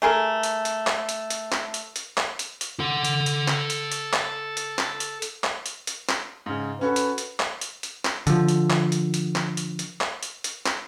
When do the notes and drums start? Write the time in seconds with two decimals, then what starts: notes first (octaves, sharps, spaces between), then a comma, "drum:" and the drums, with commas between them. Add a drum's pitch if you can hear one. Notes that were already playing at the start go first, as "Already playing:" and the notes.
0.02 A3 G#4 A#4
0.43 drum: hi-hat
0.65 drum: hi-hat
0.87 drum: clap
1.09 drum: hi-hat
1.30 drum: hi-hat
1.52 drum: clap
1.74 drum: hi-hat
1.96 drum: hi-hat
2.17 drum: clap
2.39 drum: hi-hat
2.61 drum: hi-hat
2.80 A4 F#5
3.05 drum: hi-hat
3.26 drum: hi-hat
3.48 drum: clap
3.70 drum: hi-hat
3.92 drum: hi-hat
4.13 drum: clap
4.57 drum: hi-hat
4.79 drum: clap
5.00 drum: hi-hat
5.22 drum: hi-hat
5.44 drum: clap
5.66 drum: hi-hat
5.87 drum: hi-hat
6.09 drum: clap
6.46 G#2 C#3
6.81 C#4 F#4 A4 B4
6.96 drum: hi-hat
7.18 drum: hi-hat
7.40 drum: clap
7.61 drum: hi-hat
7.83 drum: hi-hat
8.05 drum: clap
8.27 D3 F3, drum: hi-hat
8.49 drum: hi-hat
8.70 drum: clap
8.92 drum: hi-hat
9.14 drum: hi-hat
9.36 drum: clap
9.57 drum: hi-hat
9.79 drum: hi-hat
10.01 drum: clap
10.23 drum: hi-hat
10.44 drum: hi-hat
10.66 drum: clap